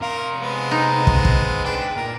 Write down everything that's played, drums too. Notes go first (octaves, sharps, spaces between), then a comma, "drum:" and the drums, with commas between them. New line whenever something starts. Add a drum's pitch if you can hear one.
C3 A#4 F5 C6
G#3 B3 C4
D#4
drum: kick
drum: kick
G#3 D4 B4 G5
A#2 A#4